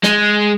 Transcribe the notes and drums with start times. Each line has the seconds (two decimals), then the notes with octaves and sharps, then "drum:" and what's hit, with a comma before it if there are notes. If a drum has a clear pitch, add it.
0.03 G#3, drum: snare